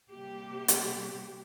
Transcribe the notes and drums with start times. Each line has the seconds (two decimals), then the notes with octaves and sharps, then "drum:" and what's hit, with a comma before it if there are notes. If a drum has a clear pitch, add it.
0.10 C3 G3 A#3 G4
0.68 drum: hi-hat